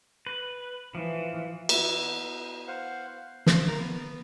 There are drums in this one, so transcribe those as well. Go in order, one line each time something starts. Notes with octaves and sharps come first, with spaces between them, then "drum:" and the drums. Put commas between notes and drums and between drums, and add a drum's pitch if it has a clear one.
B4
E3 F3
B3 E4 F#4, drum: cymbal
C5 F5 F#5
F3, drum: snare
A#4
B3